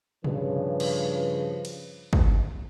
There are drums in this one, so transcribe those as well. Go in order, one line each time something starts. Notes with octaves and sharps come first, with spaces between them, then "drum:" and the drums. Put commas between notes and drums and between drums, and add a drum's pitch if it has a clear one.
G2 C#3 F3 B4, drum: tom A#2
drum: cymbal
drum: cymbal
drum: kick